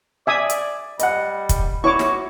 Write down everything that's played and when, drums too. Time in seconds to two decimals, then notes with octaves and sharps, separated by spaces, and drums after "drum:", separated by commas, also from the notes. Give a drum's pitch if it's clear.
0.27 D5 E5 G#5 D#6
0.50 drum: hi-hat
0.99 G3 D#5 F#5, drum: hi-hat
1.49 drum: kick, hi-hat
1.84 E4 F#4 C#5 C#6 D6
1.99 drum: snare